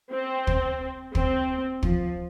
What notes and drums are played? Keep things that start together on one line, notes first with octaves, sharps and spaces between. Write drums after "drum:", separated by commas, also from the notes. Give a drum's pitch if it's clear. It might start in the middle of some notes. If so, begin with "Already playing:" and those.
C4
drum: kick
C4, drum: kick
F3, drum: kick